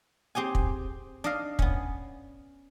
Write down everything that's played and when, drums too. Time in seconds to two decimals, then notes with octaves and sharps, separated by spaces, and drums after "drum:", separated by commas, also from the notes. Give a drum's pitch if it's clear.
0.35 C4 G4 G#4 G#5
0.55 drum: kick
1.24 D4 D#5 F5
1.59 B3 C#4, drum: kick